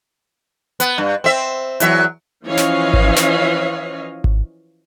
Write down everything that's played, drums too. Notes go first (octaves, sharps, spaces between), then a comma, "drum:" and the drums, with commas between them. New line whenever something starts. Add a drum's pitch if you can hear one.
B3, drum: hi-hat
G2
C4 E5
E2 F#3 E5, drum: hi-hat
E3 F3 C#4 C#5 D#5 F5
drum: snare
drum: kick G#1
drum: snare
drum: kick G#1